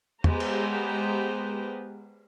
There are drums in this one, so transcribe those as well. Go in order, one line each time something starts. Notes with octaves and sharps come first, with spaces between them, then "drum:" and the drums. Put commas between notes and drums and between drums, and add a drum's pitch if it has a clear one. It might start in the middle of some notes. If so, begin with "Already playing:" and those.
G#3 B3 G4 C5 A#5, drum: tom
drum: cymbal